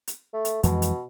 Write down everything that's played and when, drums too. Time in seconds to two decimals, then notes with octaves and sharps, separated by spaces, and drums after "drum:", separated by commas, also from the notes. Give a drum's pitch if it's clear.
0.07 drum: hi-hat
0.34 A3
0.45 drum: hi-hat
0.63 F2 B2 E3 G#3, drum: hi-hat
0.82 drum: hi-hat